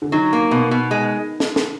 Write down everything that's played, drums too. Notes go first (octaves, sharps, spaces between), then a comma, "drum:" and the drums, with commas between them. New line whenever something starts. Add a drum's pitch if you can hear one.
D3
D#3 F#3
A#3
B2
B2
G#3
drum: snare
drum: snare